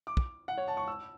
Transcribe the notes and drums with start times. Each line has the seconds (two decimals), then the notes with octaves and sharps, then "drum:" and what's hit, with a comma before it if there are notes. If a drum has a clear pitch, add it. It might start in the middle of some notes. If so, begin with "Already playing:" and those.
0.07 D6
0.17 drum: kick
0.48 F#5
0.58 C#5
0.68 A5
0.77 C#6
0.88 E6